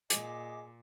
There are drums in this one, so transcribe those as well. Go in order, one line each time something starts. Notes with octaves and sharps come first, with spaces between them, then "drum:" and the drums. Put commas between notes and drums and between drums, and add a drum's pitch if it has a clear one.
A#2 G#4 D#5 D6, drum: hi-hat